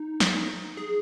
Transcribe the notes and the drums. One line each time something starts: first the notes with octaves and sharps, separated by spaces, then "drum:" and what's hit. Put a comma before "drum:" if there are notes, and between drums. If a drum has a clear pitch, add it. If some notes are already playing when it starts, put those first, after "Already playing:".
Already playing: D#4
drum: snare
G#4